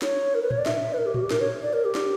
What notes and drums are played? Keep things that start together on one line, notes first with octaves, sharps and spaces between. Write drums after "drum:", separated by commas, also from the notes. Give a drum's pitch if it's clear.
C#5, drum: snare
A#4
B4
C#5, drum: tom A2
D5
E5, drum: snare
B4
A#4
G4
F#4, drum: tom A2
G4
A#4, drum: snare
C#5
D5
A#4
G4
drum: snare